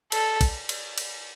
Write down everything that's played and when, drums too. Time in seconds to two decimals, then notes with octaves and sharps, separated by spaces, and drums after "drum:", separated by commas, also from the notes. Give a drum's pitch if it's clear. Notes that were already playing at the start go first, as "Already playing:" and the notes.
0.12 A4, drum: cymbal
0.41 drum: kick, cymbal
0.69 drum: cymbal
0.98 drum: cymbal